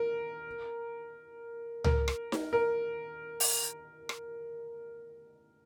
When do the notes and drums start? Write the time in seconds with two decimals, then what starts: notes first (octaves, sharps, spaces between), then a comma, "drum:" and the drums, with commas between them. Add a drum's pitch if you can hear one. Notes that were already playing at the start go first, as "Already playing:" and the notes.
Already playing: A#4
1.84 A#4, drum: tom C#2
2.08 drum: rim click
2.32 drum: snare D#4
2.53 A#4
3.40 drum: open hi-hat
4.09 drum: rim click